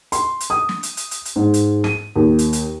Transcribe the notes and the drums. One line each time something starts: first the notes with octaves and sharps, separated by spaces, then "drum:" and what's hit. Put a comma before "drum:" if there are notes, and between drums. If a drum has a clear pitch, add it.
C6, drum: hi-hat
drum: hi-hat
D#6
drum: snare
drum: hi-hat
drum: hi-hat
drum: hi-hat
drum: hi-hat
G#2
drum: hi-hat
D#7, drum: snare
D#2
drum: hi-hat
drum: hi-hat